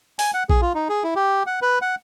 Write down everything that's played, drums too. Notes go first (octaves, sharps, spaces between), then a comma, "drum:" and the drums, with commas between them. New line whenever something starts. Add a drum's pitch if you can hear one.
G#5, drum: open hi-hat
F#5
G#4, drum: kick A#1
F4
D#4
G#4
E4
G4
F#5
B4
F#5